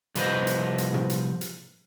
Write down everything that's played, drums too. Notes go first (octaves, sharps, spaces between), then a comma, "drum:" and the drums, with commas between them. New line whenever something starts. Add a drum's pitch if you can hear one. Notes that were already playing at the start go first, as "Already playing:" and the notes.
C2 F3 B4 C5 D#5, drum: hi-hat
drum: hi-hat
drum: hi-hat
drum: tom
drum: hi-hat
drum: hi-hat